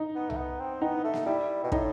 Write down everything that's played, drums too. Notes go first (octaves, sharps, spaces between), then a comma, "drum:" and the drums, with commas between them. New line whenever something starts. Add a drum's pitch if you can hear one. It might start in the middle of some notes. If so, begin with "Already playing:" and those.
Already playing: D#4
B3
A3, drum: tom C2
B3
C4
B3 D#4
A3
drum: snare A#3
G3 E4
B2
A2 D#4, drum: kick